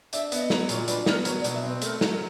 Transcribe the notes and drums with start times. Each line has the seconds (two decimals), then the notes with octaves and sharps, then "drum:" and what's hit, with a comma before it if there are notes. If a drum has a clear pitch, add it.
0.13 D4 E5, drum: hi-hat
0.32 B3 E5, drum: hi-hat
0.41 D#5
0.50 F#3, drum: snare
0.69 A#2 C#5, drum: hi-hat
0.88 D4 B4, drum: hi-hat
1.06 B3 A#4, drum: snare
1.25 F#3 C#5, drum: hi-hat
1.39 D5
1.44 B2, drum: hi-hat
1.54 E5
1.63 C4 B4
1.82 A3 A#4, drum: hi-hat
2.01 F#3, drum: snare
2.10 A#4